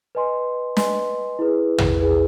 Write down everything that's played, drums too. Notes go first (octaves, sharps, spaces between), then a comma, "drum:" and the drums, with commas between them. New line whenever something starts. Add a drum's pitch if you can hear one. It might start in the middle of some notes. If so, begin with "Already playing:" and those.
B4 D#5 G#5 C6
B4 D#5 G#5 C6, drum: snare
E4 G#4 B4
drum: tom
E4 G#4 B4